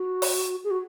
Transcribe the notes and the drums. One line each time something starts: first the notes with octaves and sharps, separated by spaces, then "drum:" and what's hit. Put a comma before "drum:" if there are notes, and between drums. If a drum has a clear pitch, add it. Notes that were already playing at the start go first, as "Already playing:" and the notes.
Already playing: F#4
drum: open hi-hat
G#4
F#4